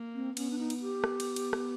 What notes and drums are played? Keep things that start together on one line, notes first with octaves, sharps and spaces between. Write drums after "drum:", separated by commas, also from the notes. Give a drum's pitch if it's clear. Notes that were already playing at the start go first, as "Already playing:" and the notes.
Already playing: A#3
C4
B3 C#4, drum: cymbal
D4
D#4
drum: cymbal
G4
B3, drum: rim click
drum: cymbal
drum: cymbal
drum: rim click